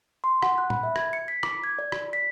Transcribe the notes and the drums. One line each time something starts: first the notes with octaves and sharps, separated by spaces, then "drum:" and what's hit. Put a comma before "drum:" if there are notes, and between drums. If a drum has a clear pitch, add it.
C6
F#5, drum: rim click
F#6
B5, drum: tom A#2
E5
G#6, drum: rim click
C#7
B6
D6, drum: rim click
G#6
D5
drum: rim click
B6